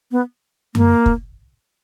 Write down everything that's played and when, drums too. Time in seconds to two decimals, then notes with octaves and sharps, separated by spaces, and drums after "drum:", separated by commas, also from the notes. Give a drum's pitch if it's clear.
0.12 B3
0.75 A#3, drum: tom F#2
1.06 drum: kick